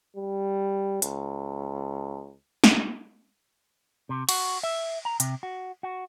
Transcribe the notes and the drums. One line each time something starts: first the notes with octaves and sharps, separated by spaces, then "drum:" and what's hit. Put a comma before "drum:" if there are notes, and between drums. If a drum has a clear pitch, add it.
G3
C#2, drum: hi-hat
drum: snare
C3
F#4, drum: cymbal
E5
A#5
C3, drum: hi-hat
F#4
F#4